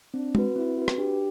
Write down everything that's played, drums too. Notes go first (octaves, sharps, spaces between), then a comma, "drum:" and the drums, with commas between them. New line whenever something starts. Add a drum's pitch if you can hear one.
C4 D4
F#4 B4, drum: tom G#3
C4 E4
F#4 B4
drum: rim click
D4 G4